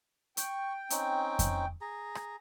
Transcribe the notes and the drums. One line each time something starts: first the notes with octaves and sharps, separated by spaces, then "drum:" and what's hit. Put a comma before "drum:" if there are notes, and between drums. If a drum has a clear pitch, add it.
G5 C#6, drum: hi-hat
C4 C#4 D#4, drum: hi-hat
drum: kick F2, hi-hat
G#4 A#5
drum: rim click